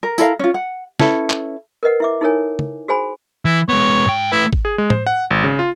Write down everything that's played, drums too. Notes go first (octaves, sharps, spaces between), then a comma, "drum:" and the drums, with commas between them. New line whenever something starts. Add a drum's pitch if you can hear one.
A#4
E4 A4 A#4 F5, drum: tambourine
C#4 F4
F#5
C#4 E4 A4 B4, drum: snare
drum: clap
A#4 B4 D#5 F#5
E4 E5 D6
D#4 E4 A4 A#4 C#5 G#5
drum: tom
F#4 G#4 C5 G#5 B5
E3 E4
G#3 B3 C#5
G#2 G5
A3 E4 B4
drum: kick
G#4
G#3
C5, drum: tom A2
F#5
G#1
C#3
F4